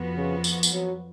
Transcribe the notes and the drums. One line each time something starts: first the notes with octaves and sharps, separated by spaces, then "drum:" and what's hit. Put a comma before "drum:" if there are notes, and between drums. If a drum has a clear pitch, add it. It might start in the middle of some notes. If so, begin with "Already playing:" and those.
Already playing: F2 F3 B3 F#4
C#3
drum: tambourine
drum: tambourine
F#3